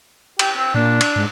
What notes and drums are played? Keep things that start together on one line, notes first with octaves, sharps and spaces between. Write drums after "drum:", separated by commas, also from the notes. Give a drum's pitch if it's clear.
G4, drum: cymbal
C4
A#2 D4
drum: cymbal
G#2